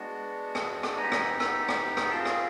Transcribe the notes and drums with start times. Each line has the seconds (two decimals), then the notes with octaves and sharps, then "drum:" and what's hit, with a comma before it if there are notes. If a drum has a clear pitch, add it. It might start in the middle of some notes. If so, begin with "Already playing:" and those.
Already playing: G#3 B3 D4 F#4
0.55 drum: rim click
0.83 drum: rim click
0.97 B3 D#4 G4 G#5 A#5
1.12 drum: rim click
1.40 drum: rim click
1.69 drum: rim click
1.97 drum: rim click
2.11 C4 F4 G#4 G5 A5
2.25 drum: rim click